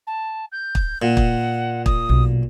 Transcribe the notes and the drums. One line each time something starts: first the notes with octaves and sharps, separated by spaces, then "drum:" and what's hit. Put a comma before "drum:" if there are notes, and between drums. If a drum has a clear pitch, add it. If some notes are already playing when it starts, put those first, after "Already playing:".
A5
G6
drum: kick
A#2 F#5
drum: kick
D#6, drum: kick
B1